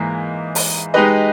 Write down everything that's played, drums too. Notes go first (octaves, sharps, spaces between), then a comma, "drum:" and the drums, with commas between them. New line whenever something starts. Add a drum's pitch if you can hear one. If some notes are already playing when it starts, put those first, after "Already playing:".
Already playing: G#2 E3 A#3
drum: open hi-hat
G#3 D#4 G4 B4 D#5